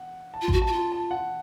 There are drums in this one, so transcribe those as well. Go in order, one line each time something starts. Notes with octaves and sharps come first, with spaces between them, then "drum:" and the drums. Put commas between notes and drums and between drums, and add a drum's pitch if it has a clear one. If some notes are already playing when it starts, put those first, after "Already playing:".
Already playing: F#5
A5
F4
F#4 A5, drum: kick A1
A5
F#4
F4 A5
A5
F#5